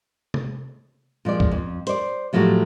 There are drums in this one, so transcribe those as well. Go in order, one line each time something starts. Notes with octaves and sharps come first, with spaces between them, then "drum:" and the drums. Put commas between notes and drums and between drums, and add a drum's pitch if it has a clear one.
drum: tom C3
A#2 F3 G#3 D5
drum: kick
F2
C5 D5, drum: hi-hat
A2 F3 F#3 A3 F#4 G4